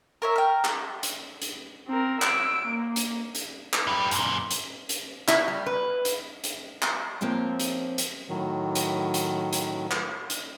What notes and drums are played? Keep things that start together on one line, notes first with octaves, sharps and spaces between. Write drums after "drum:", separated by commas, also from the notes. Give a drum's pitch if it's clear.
A#4 C#5 E5
A#4 G5
drum: clap
drum: hi-hat
drum: hi-hat
C4 A#4
E6 D7, drum: clap
A#3
drum: hi-hat
drum: hi-hat
drum: clap
G4 B4
F#2 A#2, drum: hi-hat
drum: hi-hat
drum: hi-hat
E4, drum: clap
G3
B4
drum: hi-hat
drum: hi-hat
drum: clap
F3 A#3 C4 F4 C#5
drum: hi-hat
drum: hi-hat
A2 D#3 F#3
drum: hi-hat
drum: hi-hat
drum: hi-hat
drum: clap
drum: hi-hat